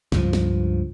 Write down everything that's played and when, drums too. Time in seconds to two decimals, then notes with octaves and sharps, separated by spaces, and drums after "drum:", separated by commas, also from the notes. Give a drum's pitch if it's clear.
0.12 C#2 G2 F3, drum: snare
0.33 drum: snare